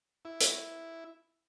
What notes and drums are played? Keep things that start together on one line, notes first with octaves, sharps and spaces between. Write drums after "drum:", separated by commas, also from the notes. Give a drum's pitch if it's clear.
E4
drum: hi-hat